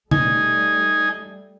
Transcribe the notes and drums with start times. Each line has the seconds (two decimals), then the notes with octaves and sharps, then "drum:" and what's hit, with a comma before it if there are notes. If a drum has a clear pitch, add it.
0.11 G3 A3 D#4 G#5, drum: tom B2